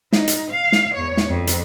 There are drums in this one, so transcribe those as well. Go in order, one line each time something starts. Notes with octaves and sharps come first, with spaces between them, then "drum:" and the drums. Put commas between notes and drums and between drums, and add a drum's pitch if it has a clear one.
D#4, drum: snare
drum: hi-hat
F5
drum: snare
E2 C#5
drum: snare
F2
drum: hi-hat